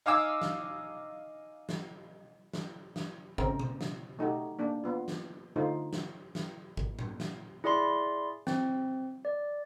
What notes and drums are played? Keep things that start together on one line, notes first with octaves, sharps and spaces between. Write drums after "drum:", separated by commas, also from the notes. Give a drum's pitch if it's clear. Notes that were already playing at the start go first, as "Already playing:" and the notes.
D#4 F5 G#5 D6 E6
drum: snare
drum: snare
drum: snare
drum: snare
C#3 G#3 C4 A#4, drum: kick
drum: tom B2
drum: snare
A3 D#4 F#4 G4
A#3 D4
B3 F4
drum: snare
D3 A3 D#4 F4 C5
drum: snare
drum: snare
drum: kick
drum: tom A2
drum: snare
E4 G#4 D5 B5 C6
C4, drum: snare
D5